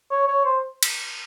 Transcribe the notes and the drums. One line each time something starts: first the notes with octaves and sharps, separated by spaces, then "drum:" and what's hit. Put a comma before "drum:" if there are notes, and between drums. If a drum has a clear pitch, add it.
C#5
C#5
C5
drum: cymbal